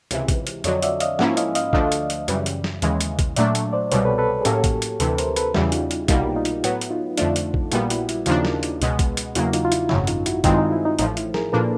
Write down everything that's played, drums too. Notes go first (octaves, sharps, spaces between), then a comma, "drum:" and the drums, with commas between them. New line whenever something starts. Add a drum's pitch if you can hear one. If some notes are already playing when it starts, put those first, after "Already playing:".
C#2 C3 E3, drum: hi-hat
drum: kick A1, hi-hat
drum: hi-hat
F2 D3 F#3 C#5 D#5, drum: hi-hat
D5 E5, drum: hi-hat
D#5 F5, drum: hi-hat
G#2 F3 A#3 C#4 E4 E5 F#5, drum: snare
D#5 F5, drum: hi-hat
D#5 F5, drum: hi-hat
D2 D3 F3 A3 D4 D#5 F5, drum: kick A1
drum: hi-hat
drum: hi-hat
F#2 C#3 E3 G3, drum: hi-hat
drum: hi-hat
drum: snare
D#2 C#3 E3 G#3, drum: hi-hat
drum: hi-hat
drum: kick A1, hi-hat
A#2 F#3 A3 D4 D5 E5, drum: hi-hat
drum: hi-hat
C5 D5
C2 B2 G3 B4 C#5, drum: hi-hat
A4 B4
A4 B4
G#4
A2 F#3 A#3 C#4 G4 A4, drum: hi-hat
drum: kick A1, hi-hat
drum: hi-hat
D2 C3 E3 A4 B4, drum: hi-hat
A#4 C5, drum: hi-hat
A4 B4, drum: hi-hat
E2 C#3 E3 G3 E4 F#4, drum: snare
D#4 F4, drum: hi-hat
drum: hi-hat
C2 B2 G3 A#3 D#4, drum: kick A1, hi-hat
D#4 F4
drum: hi-hat
A2 F#3 B3, drum: hi-hat
drum: hi-hat
D#4 F4
F2 D3 F3 A3 D4, drum: hi-hat
drum: hi-hat
drum: kick A1
A#1 A#2 G3 B3 E4 F#4, drum: hi-hat
E4 F#4, drum: hi-hat
E4, drum: hi-hat
D#2 C#3 F3 A#3 D4 D#4 F4, drum: hi-hat
drum: snare
drum: hi-hat
C#2 B2 G#3 B3, drum: hi-hat
drum: kick A1, hi-hat
drum: hi-hat
E2 C#3 F#3 A#3 E4 F#4, drum: hi-hat
D#4 F4, drum: hi-hat
F4
E4, drum: hi-hat
G#1 F#2 C#3 F#3 E4, drum: snare
D#4 F4, drum: hi-hat
E4 F#4, drum: hi-hat
G2 D#3 G#3 C4 D#4 F4, drum: kick A1, hi-hat
D#4
E4
D#4
A1 A2 F3 D#4, drum: hi-hat
E4, drum: hi-hat
G#4 A#4, drum: snare
A#2 F3 A#3 D4 A4 B4